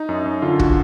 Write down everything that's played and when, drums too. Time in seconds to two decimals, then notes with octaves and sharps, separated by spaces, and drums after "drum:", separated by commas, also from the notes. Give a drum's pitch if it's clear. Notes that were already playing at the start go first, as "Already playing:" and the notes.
Already playing: D#4
0.09 F#2
0.26 F#2
0.42 D3 F4
0.59 F#4, drum: kick